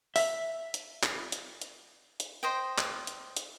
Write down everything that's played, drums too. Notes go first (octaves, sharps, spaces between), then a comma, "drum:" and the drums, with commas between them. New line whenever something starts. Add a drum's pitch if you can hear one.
E5, drum: open hi-hat
drum: hi-hat
drum: clap
drum: hi-hat
drum: hi-hat
drum: hi-hat
C5 D#5 G5
drum: clap
drum: hi-hat
drum: hi-hat